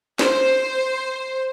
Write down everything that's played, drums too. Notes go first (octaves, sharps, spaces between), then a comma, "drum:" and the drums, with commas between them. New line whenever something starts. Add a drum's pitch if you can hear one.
C5, drum: snare